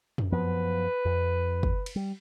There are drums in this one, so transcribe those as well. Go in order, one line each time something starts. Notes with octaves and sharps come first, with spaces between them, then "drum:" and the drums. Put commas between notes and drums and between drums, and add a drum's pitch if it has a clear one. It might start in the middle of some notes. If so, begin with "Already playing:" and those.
drum: tom F2
F#2 F3 B3 B4
F2
drum: kick
drum: cymbal
G3